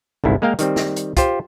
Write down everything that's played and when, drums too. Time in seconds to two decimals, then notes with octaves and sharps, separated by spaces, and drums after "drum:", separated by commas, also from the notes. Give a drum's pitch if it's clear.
0.24 G1 C2 G#2 E4
0.42 G#3 A#3 A#4 F5 G5
0.59 D#3 G3 C4, drum: hi-hat
0.76 drum: snare
0.96 drum: hi-hat
1.17 F4 G4 C5, drum: kick, hi-hat